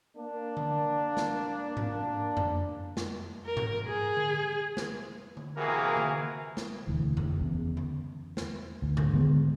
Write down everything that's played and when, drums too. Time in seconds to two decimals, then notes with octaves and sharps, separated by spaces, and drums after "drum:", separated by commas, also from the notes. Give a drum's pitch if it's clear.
0.16 A#3 D4
0.57 drum: tom D3
1.17 drum: snare
1.77 drum: tom G#2
2.37 drum: tom F2
2.97 drum: snare
3.45 A#4
3.57 drum: tom G#2
3.87 G#4
4.17 drum: tom D3
4.77 drum: snare
5.37 drum: tom D3
5.57 C3 E3 A#3 F#4 G#4 A#4
5.97 drum: tom D3
6.57 drum: snare
6.87 E1 D2 E3
7.17 drum: tom F2
7.41 E2 C#3
7.77 drum: tom D3
8.37 drum: snare
8.82 D2
8.97 drum: tom G#2
9.13 D3 D#3 G#3 B3